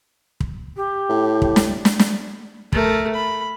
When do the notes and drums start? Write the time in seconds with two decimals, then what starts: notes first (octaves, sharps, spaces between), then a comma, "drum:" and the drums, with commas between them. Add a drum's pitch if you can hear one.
0.40 drum: kick
0.76 G4
1.09 A2
1.42 drum: kick
1.56 drum: snare
1.85 drum: snare
1.99 drum: snare
2.72 A3 A#4, drum: kick
3.15 B5